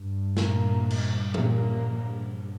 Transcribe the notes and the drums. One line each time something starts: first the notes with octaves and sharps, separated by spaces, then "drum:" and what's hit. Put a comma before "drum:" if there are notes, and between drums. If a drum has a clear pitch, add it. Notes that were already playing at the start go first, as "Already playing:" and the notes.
Already playing: G2
A#2 A#3, drum: snare
drum: cymbal
A#2 A#3, drum: tom E3
G2